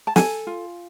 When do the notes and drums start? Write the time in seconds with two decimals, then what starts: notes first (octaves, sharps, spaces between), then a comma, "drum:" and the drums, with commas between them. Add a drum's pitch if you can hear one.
0.07 A5
0.16 A4 G#5, drum: snare
0.47 F4